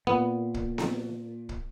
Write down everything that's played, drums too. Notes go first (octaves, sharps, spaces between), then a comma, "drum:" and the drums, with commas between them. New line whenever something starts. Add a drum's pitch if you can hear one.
A#2 B3
drum: kick
drum: snare B3
drum: kick